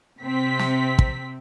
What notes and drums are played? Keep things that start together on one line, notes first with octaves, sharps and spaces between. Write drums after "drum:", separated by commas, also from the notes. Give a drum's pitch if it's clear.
C3 C4 B6
drum: snare
drum: kick